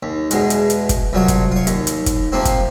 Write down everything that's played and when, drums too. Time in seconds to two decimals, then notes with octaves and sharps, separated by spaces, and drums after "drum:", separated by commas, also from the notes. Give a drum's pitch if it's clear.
0.03 D#2
0.31 E2 B2 G#3, drum: hi-hat
0.50 drum: hi-hat
0.70 drum: hi-hat
0.89 drum: kick, hi-hat
1.13 C2 F3 F#3 C#5
1.28 drum: kick, hi-hat
1.51 F4 C#5
1.67 D#2, drum: hi-hat
1.87 drum: hi-hat
2.06 drum: kick, hi-hat
2.32 C3 F3 A#3 C4
2.45 drum: kick, hi-hat